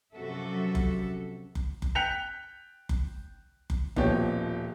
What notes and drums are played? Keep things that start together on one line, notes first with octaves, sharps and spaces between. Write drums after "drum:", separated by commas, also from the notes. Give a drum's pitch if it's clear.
F#2 C3 F3 F#4 A4 E5
drum: kick F#1
drum: kick F#1
drum: kick F#1
G5 F#6 G6 B6 C#7 F7
drum: kick F#1
drum: kick F#1
D#1 B2 F3 G4 C#5, drum: kick F#1